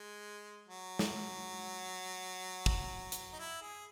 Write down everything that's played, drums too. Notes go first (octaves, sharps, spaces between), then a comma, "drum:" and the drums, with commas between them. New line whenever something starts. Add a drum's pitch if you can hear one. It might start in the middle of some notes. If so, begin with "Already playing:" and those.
Already playing: G#3
F#3
drum: snare
drum: kick
drum: hi-hat
D#4
E4
G#4